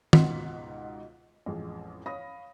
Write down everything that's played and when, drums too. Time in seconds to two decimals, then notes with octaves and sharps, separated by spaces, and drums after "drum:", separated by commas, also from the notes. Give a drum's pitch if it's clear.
0.13 C#2 G#2 B2 F#5 C6 B6, drum: tom
1.46 A1 F2 G#3
2.06 C#5 F5 B5 D#6 A#6